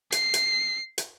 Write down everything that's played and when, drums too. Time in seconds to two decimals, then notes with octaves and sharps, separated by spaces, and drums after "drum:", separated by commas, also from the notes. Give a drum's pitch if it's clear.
0.12 C7, drum: hi-hat
0.34 drum: hi-hat
0.98 drum: hi-hat